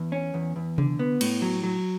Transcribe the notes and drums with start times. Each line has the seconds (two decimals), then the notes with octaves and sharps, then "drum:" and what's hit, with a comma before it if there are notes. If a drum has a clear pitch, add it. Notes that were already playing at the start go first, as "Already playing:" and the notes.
Already playing: E2
0.12 C#4
0.34 E2
0.56 E2
0.78 D3, drum: tom C3
0.99 B3
1.21 A2, drum: cymbal
1.42 F#3
1.63 F#3